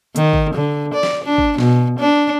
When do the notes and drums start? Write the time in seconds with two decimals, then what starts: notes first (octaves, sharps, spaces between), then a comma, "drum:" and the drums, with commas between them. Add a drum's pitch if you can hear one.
0.16 D#3, drum: hi-hat
0.33 drum: kick G#1
0.54 D3
0.94 D5
1.03 drum: snare
1.24 D4
1.38 drum: kick G#1
1.58 B2, drum: snare
1.99 D4